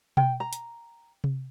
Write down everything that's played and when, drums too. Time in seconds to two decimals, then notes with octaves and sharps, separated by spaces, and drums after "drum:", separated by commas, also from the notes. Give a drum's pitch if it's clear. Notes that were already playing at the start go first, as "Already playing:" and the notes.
0.17 G5, drum: tom B2
0.40 A#5
0.53 drum: hi-hat
1.24 drum: tom C3